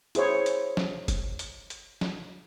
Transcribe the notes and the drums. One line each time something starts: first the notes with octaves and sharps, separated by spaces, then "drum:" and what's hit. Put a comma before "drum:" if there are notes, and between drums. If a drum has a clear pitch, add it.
E4 G#4 C5 C#5, drum: hi-hat
drum: hi-hat
drum: snare
drum: kick, hi-hat
drum: hi-hat
drum: hi-hat
drum: snare